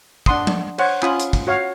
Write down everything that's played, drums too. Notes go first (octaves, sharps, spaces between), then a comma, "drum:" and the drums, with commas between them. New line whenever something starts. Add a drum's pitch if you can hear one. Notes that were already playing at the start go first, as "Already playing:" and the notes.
D4 F#5 C6 D#6, drum: kick
drum: tom F3
C5 C#5 F#5, drum: cymbal
C#4 F4 B5 D#6, drum: clap
drum: hi-hat
drum: kick
F#4 C#5 F5